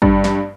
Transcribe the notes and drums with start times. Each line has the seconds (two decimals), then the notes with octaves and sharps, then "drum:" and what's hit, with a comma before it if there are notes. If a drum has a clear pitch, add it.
0.02 G2, drum: kick G#1
0.24 drum: snare